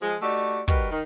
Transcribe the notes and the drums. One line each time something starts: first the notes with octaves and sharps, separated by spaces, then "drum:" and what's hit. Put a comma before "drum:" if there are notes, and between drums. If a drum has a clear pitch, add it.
F3 G#3
A3 D#4 F#4 G4 D5
G3 D#4 F#4 A#4 B4, drum: kick
D#3